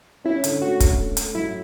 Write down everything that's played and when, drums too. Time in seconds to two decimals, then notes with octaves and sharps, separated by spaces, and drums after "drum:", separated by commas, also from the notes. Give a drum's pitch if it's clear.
0.24 C#4 E4
0.44 D3, drum: hi-hat
0.62 A3 F#4
0.80 A3, drum: kick, hi-hat
0.99 A3
1.17 A3, drum: hi-hat
1.35 F#3 E4